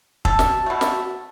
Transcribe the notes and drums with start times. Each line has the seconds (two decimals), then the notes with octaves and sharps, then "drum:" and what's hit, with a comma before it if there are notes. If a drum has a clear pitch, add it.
0.25 A4, drum: kick
0.39 drum: snare
0.66 B2 A3
0.81 drum: snare